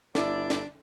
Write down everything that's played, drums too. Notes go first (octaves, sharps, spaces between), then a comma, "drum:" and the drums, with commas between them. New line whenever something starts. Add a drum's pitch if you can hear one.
G1 D4 E4 D5, drum: snare
drum: snare